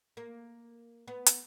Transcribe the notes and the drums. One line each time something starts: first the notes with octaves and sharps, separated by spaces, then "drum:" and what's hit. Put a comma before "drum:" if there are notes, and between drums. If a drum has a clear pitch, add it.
A#3
B3
drum: hi-hat